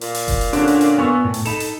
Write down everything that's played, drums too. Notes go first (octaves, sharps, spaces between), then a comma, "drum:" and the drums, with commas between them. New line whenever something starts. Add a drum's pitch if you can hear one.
A#2, drum: hi-hat
drum: open hi-hat
drum: kick F1, hi-hat
drum: hi-hat
D3 C#4 D4, drum: hi-hat
drum: hi-hat
drum: hi-hat
B3 G#5 C#6 E6
A2
drum: hi-hat
D#4 A4 B5 E7, drum: hi-hat
drum: hi-hat